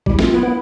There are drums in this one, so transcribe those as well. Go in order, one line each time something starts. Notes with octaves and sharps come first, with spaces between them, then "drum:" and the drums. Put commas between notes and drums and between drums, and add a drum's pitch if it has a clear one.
G3 E4, drum: kick A1
A3 F4, drum: snare
B3 E4
B3